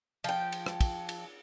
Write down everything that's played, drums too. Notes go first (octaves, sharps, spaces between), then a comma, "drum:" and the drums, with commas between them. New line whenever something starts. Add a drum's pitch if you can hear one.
F3 G5, drum: cymbal
drum: cymbal
drum: rim click
drum: kick, cymbal
drum: cymbal